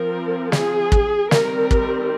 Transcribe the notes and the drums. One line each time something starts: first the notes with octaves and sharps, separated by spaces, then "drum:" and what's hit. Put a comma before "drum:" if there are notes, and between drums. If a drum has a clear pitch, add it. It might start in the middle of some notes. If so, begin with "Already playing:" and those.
Already playing: F3 C4 A#4
G#4, drum: snare
drum: kick
D#3 G3 C4 A#4, drum: snare
drum: kick